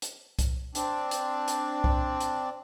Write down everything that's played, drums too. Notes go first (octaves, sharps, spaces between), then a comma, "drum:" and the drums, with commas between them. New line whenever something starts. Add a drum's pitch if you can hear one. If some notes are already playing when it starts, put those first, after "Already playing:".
drum: hi-hat
drum: kick C2, hi-hat
C4 D4, drum: hi-hat
drum: hi-hat
drum: hi-hat
drum: kick C2
drum: hi-hat